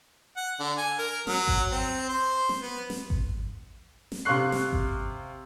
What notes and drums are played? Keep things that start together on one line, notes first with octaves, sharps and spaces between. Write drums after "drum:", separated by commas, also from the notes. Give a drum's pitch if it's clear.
F#5
D3
G#5
A#4
F#3, drum: snare
drum: kick G#1
C4
C5
drum: snare
B3
drum: snare
drum: kick G#1
drum: snare
C3 F5 C6 C#6 F#6 C7
drum: snare
drum: kick G#1